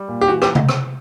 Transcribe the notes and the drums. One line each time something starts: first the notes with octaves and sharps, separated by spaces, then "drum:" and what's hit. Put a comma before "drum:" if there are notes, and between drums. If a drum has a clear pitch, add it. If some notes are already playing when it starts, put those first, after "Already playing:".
Already playing: G3
A#2
G4
E3 F#4
G4, drum: rim click
drum: tom C#3
drum: rim click